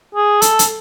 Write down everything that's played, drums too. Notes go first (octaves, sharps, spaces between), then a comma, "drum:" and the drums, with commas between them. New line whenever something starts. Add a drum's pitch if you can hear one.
G#4
A4, drum: hi-hat
drum: hi-hat